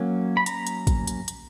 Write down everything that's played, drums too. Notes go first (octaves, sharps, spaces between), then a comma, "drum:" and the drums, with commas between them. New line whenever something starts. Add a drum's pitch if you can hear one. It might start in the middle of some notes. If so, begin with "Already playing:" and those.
Already playing: F#3 A#3 C#4
B5
A#5, drum: hi-hat
drum: hi-hat
drum: kick, hi-hat
drum: hi-hat
drum: hi-hat